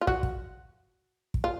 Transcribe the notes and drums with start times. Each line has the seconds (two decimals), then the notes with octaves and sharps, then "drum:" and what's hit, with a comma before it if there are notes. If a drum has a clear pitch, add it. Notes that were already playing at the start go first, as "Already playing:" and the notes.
0.01 F4
0.07 F#4, drum: kick
0.23 drum: kick
1.34 drum: kick
1.44 F4